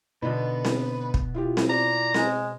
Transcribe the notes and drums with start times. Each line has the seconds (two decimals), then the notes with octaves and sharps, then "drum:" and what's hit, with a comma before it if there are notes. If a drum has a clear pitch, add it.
0.23 B2 D3 B3 D4 D#4 B4
0.65 drum: snare C4
1.14 drum: kick
1.34 E4 F4 G4
1.57 drum: snare C4
1.70 D5 A#5
2.14 G#3, drum: snare C4